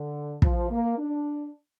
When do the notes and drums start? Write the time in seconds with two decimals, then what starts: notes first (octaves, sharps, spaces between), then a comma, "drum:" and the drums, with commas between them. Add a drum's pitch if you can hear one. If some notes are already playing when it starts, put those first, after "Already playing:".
Already playing: D3
0.42 F3, drum: kick
0.71 A#3
0.98 D4